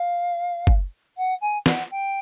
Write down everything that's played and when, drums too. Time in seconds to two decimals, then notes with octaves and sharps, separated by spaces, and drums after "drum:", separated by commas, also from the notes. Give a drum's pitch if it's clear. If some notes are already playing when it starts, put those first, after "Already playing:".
Already playing: F5
0.67 drum: kick
1.17 F#5
1.41 G#5
1.66 F#5, drum: snare
1.91 G5